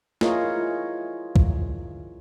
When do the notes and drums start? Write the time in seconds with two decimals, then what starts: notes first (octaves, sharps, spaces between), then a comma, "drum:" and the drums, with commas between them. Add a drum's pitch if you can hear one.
0.21 E4 F4 G#4 A#4 C#5 D#5, drum: snare
1.36 drum: kick